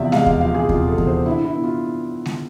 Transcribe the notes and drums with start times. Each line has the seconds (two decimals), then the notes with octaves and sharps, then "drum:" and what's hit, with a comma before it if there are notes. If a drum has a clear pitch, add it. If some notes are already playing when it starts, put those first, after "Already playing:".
Already playing: E2 C3 F3 D5 E5
0.12 G#3 F5, drum: snare G#3
0.26 F5, drum: kick D#2
0.41 F3 F5
0.54 G#4
0.69 C3 F4, drum: kick D#2
0.88 A4
0.98 E2, drum: kick D#2
1.07 C5
1.26 D3 E4
1.45 E4
1.54 B3
1.64 F4
2.26 drum: snare G#3